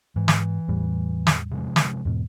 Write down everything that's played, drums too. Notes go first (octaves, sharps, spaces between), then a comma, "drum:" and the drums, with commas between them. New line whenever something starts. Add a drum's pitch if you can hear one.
G#2 E3
drum: snare
E2 A2 G3
drum: snare
C3 F3 G#3
drum: snare
E2 G#2 B2